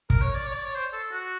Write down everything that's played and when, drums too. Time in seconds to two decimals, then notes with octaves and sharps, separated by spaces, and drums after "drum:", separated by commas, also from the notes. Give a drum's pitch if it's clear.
0.10 A#4, drum: kick
0.21 C#5
0.34 D5
0.47 C#5
0.56 D5
0.65 C#5
0.75 C5
0.93 A4
1.12 F#4